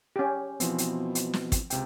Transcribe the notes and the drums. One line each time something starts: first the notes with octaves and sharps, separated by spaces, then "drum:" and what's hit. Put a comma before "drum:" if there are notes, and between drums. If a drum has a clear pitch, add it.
C#4 G4
B2 E3 F3 C4, drum: hi-hat
drum: hi-hat
drum: hi-hat
drum: snare
drum: kick, hi-hat
C#2 C3 G5, drum: hi-hat